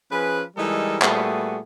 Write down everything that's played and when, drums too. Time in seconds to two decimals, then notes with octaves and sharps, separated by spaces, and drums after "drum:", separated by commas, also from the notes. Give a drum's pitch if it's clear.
0.11 F3 C#4 G#4 B4
0.56 E3 G3 G#3 D#4 A4 A#4
1.02 A#2 G3 A3 B3 F#4 G#4, drum: clap